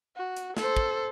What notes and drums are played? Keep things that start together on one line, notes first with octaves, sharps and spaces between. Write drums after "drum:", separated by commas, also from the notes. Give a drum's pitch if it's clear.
F#4
drum: hi-hat
A4 C5, drum: snare
drum: kick